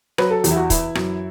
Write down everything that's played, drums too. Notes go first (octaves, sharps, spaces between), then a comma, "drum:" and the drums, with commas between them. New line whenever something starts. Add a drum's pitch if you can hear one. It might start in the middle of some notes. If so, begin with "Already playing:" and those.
F#3 B4, drum: rim click
A4
E2 G4, drum: hi-hat
E4
F#4
E3 E4, drum: kick, hi-hat
F#2, drum: rim click